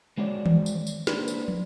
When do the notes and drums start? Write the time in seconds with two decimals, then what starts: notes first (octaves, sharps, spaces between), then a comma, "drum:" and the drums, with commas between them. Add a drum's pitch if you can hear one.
0.18 G#3 C4 F#4 C#5 D5
0.46 drum: tom D#3
0.66 drum: tambourine
0.87 drum: tambourine
1.07 A#3 D4 B4 C5, drum: snare
1.28 drum: tambourine
1.48 drum: tom